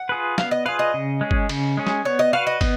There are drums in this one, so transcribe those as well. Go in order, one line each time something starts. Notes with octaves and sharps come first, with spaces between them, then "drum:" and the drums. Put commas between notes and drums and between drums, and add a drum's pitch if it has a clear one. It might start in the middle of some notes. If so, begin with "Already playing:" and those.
Already playing: F#5
F4 G#4 B4
B3 F5, drum: snare
D#5
F4 G#4 B4 F5
D#5
C#3
G#3 C#4 G#4
drum: kick
C#3, drum: cymbal
G#3 C#4 G#4
drum: snare
B3 C#5
D#5
F#4 B4 F5
D#5
B3, drum: kick, cymbal